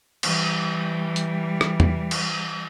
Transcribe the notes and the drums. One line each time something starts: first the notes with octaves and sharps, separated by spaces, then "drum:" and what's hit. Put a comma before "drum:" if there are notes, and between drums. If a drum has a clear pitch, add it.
E3 G3, drum: cymbal
drum: hi-hat
drum: rim click
drum: tom E2
drum: cymbal